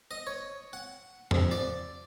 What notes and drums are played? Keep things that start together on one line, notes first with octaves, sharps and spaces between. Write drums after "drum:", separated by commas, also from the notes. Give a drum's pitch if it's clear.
D#5
C#5
F#5
F2, drum: tom E2
D5